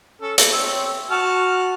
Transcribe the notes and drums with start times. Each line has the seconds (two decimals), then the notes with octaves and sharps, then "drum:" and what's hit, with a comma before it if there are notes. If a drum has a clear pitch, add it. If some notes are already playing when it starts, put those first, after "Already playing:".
0.21 C#4 A4
0.38 A4, drum: hi-hat
0.50 C4 C#5 E5
1.11 F#4 A5 F6